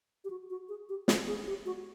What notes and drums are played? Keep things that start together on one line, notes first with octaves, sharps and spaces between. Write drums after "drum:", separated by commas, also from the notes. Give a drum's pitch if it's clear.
G4
F#4
F#4
G#4
G4
G#4, drum: snare
G#4
G4
F#4